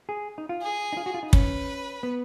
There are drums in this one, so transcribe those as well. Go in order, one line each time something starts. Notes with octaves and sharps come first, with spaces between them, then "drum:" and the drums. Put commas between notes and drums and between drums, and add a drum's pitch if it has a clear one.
G#4
D#4
F4
G#4
D#4
F4
F#4
F4
D#4
C#4 B4, drum: kick
B3